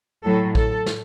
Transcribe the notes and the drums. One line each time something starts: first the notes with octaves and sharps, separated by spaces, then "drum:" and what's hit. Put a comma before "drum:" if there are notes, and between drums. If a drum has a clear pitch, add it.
A2 F#3 A4
A4, drum: kick A1
drum: snare